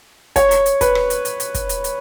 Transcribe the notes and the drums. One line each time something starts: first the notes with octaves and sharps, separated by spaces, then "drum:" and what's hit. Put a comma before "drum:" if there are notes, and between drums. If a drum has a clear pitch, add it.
C#5, drum: kick, hi-hat
drum: hi-hat
drum: hi-hat
B4, drum: kick, hi-hat
drum: rim click
drum: hi-hat
drum: hi-hat
drum: hi-hat
drum: kick, hi-hat
drum: hi-hat
drum: hi-hat